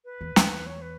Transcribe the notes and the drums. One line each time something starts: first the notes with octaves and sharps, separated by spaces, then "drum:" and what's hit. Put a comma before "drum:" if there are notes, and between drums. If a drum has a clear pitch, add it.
B4
E2
E2, drum: snare
C#5
B4